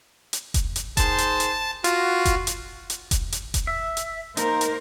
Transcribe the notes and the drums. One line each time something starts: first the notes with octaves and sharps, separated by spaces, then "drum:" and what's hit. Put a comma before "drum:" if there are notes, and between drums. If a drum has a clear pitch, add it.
drum: hi-hat
drum: kick F1, hi-hat
drum: hi-hat
D#3 G#4 C5 A5, drum: kick F1, hi-hat
drum: hi-hat
drum: hi-hat
F4 F#4, drum: hi-hat
drum: kick F1, hi-hat
drum: hi-hat
drum: hi-hat
drum: kick F1, hi-hat
drum: hi-hat
drum: kick F1, hi-hat
E5
drum: hi-hat
A#3 D#4 A#4 C5, drum: hi-hat
drum: hi-hat